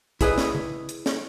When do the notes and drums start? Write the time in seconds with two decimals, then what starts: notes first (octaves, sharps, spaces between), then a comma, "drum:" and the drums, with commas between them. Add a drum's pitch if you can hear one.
0.21 E4 G#4 B4 D#5, drum: kick, hi-hat
0.38 drum: snare
0.55 drum: tom C#3
0.89 drum: hi-hat
1.06 drum: snare